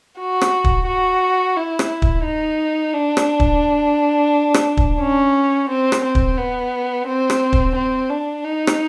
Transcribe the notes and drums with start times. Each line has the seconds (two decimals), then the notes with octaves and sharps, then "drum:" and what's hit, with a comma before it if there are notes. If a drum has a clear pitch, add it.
0.19 F#4
0.41 drum: rim click
0.64 drum: kick
0.87 F#4
1.56 E4
1.79 drum: rim click
2.02 drum: kick
2.24 D#4
2.93 D4
3.17 drum: rim click
3.40 drum: kick
4.54 drum: rim click
4.77 drum: kick
5.00 C#4
5.70 C4
5.92 drum: rim click
6.04 C4
6.15 drum: kick
6.38 B3
7.07 C4
7.30 drum: rim click
7.53 drum: kick
7.75 C4
8.10 D4
8.44 D#4
8.67 drum: rim click